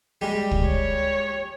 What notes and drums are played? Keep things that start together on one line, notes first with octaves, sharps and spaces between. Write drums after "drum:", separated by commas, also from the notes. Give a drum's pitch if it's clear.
G3 G#3 G4
drum: kick
C#5